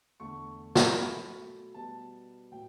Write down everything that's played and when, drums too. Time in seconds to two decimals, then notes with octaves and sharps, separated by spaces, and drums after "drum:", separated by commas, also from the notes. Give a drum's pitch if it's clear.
0.20 E2 D3 A3 C#6
0.75 drum: snare
0.87 C#6
0.97 B2 F#3 A3 B5
1.74 B2 G3 B3 A5
2.52 A2 F#3 G5